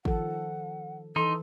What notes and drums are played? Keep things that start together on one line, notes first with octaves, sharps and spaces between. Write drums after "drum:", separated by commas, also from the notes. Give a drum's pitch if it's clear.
D#3 F3 A4 F#5, drum: kick
E3 D#4 A4 C6